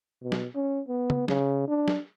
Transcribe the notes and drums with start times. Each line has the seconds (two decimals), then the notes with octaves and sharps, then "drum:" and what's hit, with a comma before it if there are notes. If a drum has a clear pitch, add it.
0.23 B2
0.32 drum: snare
0.55 C#4
0.88 B3
1.10 drum: tom C#3
1.28 C#3, drum: snare
1.68 D4
1.88 drum: snare